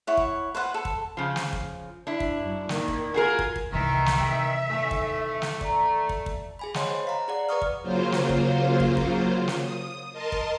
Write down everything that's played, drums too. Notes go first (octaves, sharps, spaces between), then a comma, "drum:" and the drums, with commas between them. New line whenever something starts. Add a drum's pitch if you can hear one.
E4 C#5 F#5
drum: kick
B4 C5 F5 F#5
A4
drum: kick
C#3 F3
drum: snare
drum: kick
D4 E4
drum: kick
F#2
A#2 D#3, drum: snare
drum: kick
F4 F#4 G#4 A#4 G#5 G#6
drum: kick
drum: kick
C2 A2 D#3 E3 E5
drum: snare
C3 G4 G5
D#1 A3 G#5
drum: kick
drum: snare
D5 A#5, drum: kick
drum: kick
drum: kick
G#4 G#5 B5
C#5 D#5 F#5 A5 C6, drum: snare
C5
F5 A#5
G#4 D5 F#5
B4 D5 A#5 C#6 D#6 F6
drum: kick
C#3 F#3 A#3 F4 C5
drum: snare
drum: kick
drum: kick
drum: kick
drum: snare
D#6
A#4 D#5 A5 C6
drum: kick